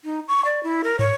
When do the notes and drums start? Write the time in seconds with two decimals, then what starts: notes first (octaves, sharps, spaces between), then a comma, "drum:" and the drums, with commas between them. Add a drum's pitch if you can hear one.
0.05 D#4
0.28 C#6
0.45 D5
0.63 E4
0.84 A#4
0.99 C#5, drum: tom